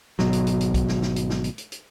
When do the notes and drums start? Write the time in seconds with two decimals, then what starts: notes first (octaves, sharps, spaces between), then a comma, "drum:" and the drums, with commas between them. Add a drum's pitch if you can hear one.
0.19 G#1 B2 F#3, drum: snare
0.33 drum: hi-hat
0.47 drum: hi-hat
0.61 drum: hi-hat
0.74 drum: kick, hi-hat
0.88 drum: snare
1.02 drum: snare
1.16 drum: hi-hat
1.30 drum: snare
1.44 drum: hi-hat
1.58 drum: hi-hat
1.72 drum: hi-hat